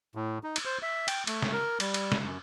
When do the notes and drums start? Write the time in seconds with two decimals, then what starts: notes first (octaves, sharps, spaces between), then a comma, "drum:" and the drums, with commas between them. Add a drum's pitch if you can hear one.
0.15 A2
0.44 D#4
0.56 drum: cymbal
0.65 C5
0.83 E5
1.08 G5, drum: cymbal
1.27 A3, drum: cymbal
1.42 drum: snare
1.53 A#4
1.80 G3, drum: cymbal
1.94 drum: cymbal
2.12 drum: snare
2.23 F#2